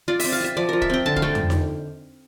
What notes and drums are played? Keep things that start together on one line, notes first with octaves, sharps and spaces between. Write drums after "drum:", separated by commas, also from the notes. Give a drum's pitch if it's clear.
F4 D5
C4 E5, drum: open hi-hat
F5
F4 E5
F3 D5
F3 A#4
E5, drum: kick
C4 G5
D3 A5
F5, drum: kick
A3 G5
drum: tom F2
drum: snare D#4